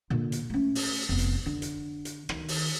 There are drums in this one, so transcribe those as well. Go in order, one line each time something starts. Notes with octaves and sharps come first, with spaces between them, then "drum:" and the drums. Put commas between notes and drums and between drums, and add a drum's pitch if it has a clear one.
A#2 D3
drum: hi-hat
A3 C#4
drum: open hi-hat
F1 B3
drum: hi-hat
D3
drum: hi-hat
drum: hi-hat
D#3, drum: rim click
drum: open hi-hat